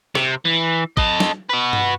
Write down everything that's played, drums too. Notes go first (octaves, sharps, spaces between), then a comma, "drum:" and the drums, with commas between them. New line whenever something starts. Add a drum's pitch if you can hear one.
C3, drum: rim click
E3
A4 D#5, drum: kick
drum: snare
F#4 B4
drum: tom G2